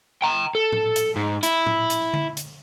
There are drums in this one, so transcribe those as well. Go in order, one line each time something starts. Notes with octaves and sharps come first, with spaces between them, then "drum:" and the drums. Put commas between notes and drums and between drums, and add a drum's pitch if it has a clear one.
G5 A#5
A4
drum: tom A2
drum: hi-hat
G#2
E4, drum: hi-hat
drum: tom A2
drum: hi-hat
drum: tom D3
drum: hi-hat